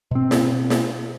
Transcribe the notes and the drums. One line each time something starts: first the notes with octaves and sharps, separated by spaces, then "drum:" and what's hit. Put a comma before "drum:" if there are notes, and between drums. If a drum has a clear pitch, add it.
B2 C4
drum: snare
drum: snare